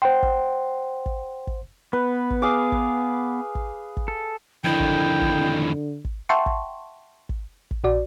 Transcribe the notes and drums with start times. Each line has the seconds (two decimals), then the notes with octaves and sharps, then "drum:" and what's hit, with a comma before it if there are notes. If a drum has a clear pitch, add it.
0.02 C5 F#5 G5 C6
0.23 drum: kick
1.06 drum: kick
1.47 drum: kick
1.93 B3 B4
2.30 drum: kick
2.42 G#4 F5 D6
2.72 drum: kick
3.55 drum: kick
3.97 drum: kick
4.08 A4
4.64 F2 D3 D#3 E4 G5
4.80 drum: kick
5.21 drum: kick
6.05 drum: kick
6.29 E5 F#5 G5 A5 C6 C#6
6.46 drum: kick
7.29 drum: kick
7.71 drum: kick
7.84 A#1 F#4 D5